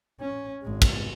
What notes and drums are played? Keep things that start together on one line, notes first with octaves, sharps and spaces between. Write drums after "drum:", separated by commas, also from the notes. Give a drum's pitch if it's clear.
C#4
G#1 G#3
drum: kick, cymbal